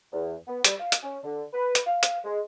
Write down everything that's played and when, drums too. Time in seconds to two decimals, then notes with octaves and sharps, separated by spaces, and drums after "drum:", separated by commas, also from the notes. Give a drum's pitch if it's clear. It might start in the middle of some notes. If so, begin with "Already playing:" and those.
0.13 E2
0.48 B3
0.64 G3, drum: hi-hat
0.80 F5
0.92 drum: hi-hat
1.03 C#4
1.24 D3
1.53 B4
1.75 drum: hi-hat
1.87 F5
2.03 drum: hi-hat
2.24 G#3